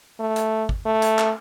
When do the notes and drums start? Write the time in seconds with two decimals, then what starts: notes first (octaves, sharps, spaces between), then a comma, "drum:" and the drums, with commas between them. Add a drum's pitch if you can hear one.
0.20 A3
0.36 drum: hi-hat
0.69 drum: kick G#1
0.86 A3
1.02 drum: hi-hat
1.19 drum: clap